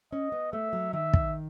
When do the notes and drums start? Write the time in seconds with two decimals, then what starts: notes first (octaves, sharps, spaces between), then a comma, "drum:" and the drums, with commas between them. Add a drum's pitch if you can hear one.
0.12 C#4 D#5
0.32 B3
0.53 A3 E5
0.73 F#3
0.93 D#3 E5
1.13 drum: kick